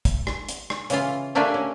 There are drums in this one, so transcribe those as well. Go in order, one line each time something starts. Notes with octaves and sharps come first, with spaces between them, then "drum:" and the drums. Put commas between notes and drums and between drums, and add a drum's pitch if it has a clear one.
drum: kick, hi-hat
drum: rim click
drum: hi-hat
drum: rim click
C#3 E3 F4, drum: hi-hat
A3 A#3 D4 G4 E5 G#5
C#4